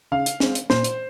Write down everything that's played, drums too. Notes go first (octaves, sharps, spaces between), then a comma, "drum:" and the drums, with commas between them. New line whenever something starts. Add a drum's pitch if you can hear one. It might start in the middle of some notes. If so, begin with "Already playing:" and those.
C#3 F5
drum: hi-hat
G#3 C4, drum: snare
drum: hi-hat
A#2 C5, drum: snare
drum: hi-hat